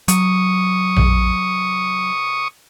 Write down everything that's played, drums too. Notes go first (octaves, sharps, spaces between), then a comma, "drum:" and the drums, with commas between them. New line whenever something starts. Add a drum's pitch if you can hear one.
F#3 C#6 D#6, drum: hi-hat
drum: tom A#1